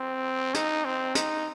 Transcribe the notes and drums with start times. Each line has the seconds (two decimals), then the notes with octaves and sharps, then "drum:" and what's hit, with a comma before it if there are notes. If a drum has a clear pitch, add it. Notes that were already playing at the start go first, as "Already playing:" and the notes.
Already playing: C4
0.54 D#4, drum: hi-hat
0.84 C4
1.15 D#4, drum: hi-hat